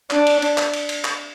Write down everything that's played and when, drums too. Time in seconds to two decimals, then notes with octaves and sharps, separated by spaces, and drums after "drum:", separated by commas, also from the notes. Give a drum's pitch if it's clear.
0.10 D4, drum: clap
0.27 drum: cymbal
0.42 drum: cymbal
0.58 drum: clap
0.73 drum: cymbal
0.89 drum: cymbal
1.04 drum: clap